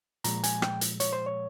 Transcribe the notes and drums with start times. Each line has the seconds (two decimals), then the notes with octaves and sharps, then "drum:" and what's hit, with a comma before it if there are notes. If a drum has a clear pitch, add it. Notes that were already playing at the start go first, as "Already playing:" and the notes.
0.24 A#2 F3 G#3 A#5, drum: hi-hat
0.44 G#5, drum: hi-hat
0.62 G5, drum: rim click
0.81 drum: hi-hat
1.00 C#5, drum: hi-hat
1.13 C5
1.26 C#5